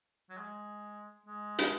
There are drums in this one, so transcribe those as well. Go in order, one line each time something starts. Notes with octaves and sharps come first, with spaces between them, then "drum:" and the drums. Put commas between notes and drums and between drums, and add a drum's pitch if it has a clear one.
F#3
G#3
G#3
drum: hi-hat